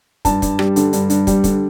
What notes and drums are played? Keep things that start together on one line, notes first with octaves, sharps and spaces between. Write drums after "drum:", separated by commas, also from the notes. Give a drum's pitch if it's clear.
G2 A5, drum: kick, hi-hat
G2, drum: kick, hi-hat
G3, drum: rim click
D3, drum: hi-hat
G2, drum: hi-hat
G2, drum: hi-hat
G3, drum: kick, hi-hat
D3, drum: kick, hi-hat